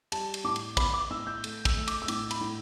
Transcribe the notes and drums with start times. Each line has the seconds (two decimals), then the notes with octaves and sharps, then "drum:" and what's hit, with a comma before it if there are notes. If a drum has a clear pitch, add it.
0.12 G3 A5, drum: cymbal
0.34 drum: cymbal
0.44 A2 D6
0.56 drum: cymbal
0.77 B3 B5, drum: kick, cymbal
0.94 D6
1.10 A2 E6
1.27 G6
1.44 A3, drum: cymbal
1.65 E6, drum: kick, cymbal
1.76 A3
1.88 D6, drum: cymbal
2.02 E6
2.08 A2 D6, drum: cymbal
2.31 B5, drum: cymbal
2.41 A2